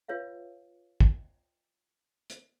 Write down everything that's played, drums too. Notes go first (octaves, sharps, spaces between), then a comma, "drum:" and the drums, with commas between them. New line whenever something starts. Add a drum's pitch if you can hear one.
F4 B4 C#5 E5 F5
drum: kick
drum: hi-hat